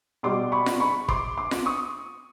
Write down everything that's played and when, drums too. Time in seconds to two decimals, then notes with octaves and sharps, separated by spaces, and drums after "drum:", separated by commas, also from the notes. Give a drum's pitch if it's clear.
0.23 B2 G3 C6 D6
0.52 B5 C#6
0.66 drum: snare F4
0.80 B5 C#6
1.08 C6 D6, drum: kick
1.38 C6 D6
1.51 drum: snare F4
1.66 C#6 D#6